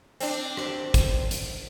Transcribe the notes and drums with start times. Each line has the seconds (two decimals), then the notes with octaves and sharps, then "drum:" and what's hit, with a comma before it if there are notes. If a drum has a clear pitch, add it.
0.21 C4 D4, drum: hi-hat
0.57 drum: rim click
0.94 drum: kick, hi-hat
1.31 drum: hi-hat